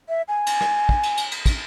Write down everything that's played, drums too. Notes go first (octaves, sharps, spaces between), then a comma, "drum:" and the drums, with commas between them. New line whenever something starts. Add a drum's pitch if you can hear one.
E5
G#5
drum: cymbal
drum: rim click
drum: kick
drum: cymbal
drum: cymbal
drum: cymbal
drum: kick, cymbal